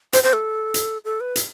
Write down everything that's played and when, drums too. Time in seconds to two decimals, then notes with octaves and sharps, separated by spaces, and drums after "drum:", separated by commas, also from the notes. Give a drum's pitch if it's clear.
0.13 C5, drum: hi-hat
0.23 C5
0.33 A4
0.74 drum: hi-hat
1.05 A4
1.20 B4
1.36 drum: hi-hat